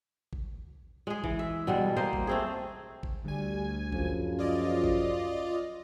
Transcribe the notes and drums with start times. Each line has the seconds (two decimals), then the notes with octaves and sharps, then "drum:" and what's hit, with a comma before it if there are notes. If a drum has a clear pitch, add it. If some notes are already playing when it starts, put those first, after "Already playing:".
0.33 drum: kick G#1
1.07 G#3 G#4
1.24 E3, drum: kick G#1
1.39 E5
1.67 B2 G3 G#3
1.96 A#3 C5 D#5
2.13 drum: kick G#1
2.27 A3 C4 G#4
3.03 drum: kick G#1
3.24 D2 G3 G#5
3.92 F#2 C#3 F3, drum: kick G#1
4.39 F4 D5 D#5
4.84 drum: kick G#1